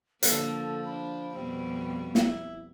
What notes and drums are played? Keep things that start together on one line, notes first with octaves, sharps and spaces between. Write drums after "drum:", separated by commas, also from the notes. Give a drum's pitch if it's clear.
D3 F3 A#3 A4, drum: hi-hat
D4 B5
F2 B2 G3 C4
E4, drum: snare